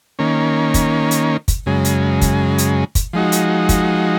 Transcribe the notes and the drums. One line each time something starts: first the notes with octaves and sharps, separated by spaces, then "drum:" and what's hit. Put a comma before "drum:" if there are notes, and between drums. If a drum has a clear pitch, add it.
D#3 A#3 C#4
drum: kick, hi-hat
drum: hi-hat
drum: kick, hi-hat
F#2 C#3 G#3
drum: hi-hat
drum: kick, hi-hat
drum: hi-hat
drum: kick, hi-hat
F3 G#3 D#4 F#4
drum: hi-hat
drum: kick, hi-hat